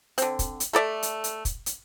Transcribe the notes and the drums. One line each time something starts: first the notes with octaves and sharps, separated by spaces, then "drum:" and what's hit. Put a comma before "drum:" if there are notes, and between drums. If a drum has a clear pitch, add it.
D3 C4, drum: hi-hat
drum: kick, hi-hat
drum: hi-hat
A3 A4 D5 E5
drum: hi-hat
drum: hi-hat
drum: kick, hi-hat
drum: hi-hat